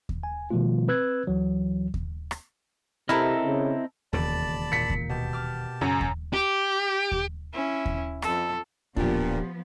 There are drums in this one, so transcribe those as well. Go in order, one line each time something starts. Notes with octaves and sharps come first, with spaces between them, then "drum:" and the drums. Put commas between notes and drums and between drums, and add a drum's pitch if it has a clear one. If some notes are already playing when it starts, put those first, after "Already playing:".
drum: kick D#2
G#5
B2 D#3 F3 G3 A3 F4
C4 B4 E6 F#6 G#6
D2 E3 F#3
drum: kick D#2
drum: rim click
C3 C4 E4 A4 A#4 D#5 F6
C#3
E1 D#2 C#3 D5 A5 B5, drum: kick D#2
A#2 B6 C#7
drum: kick D#2
B2 G4 A5
D6 F6
F#2 C#3 G#5 A#5
drum: kick D#2
G4
drum: kick D#2
C#4 E4
drum: kick D#2
F2 A4, drum: rim click
D1 A#2 F3 B3 D4 G4, drum: kick D#2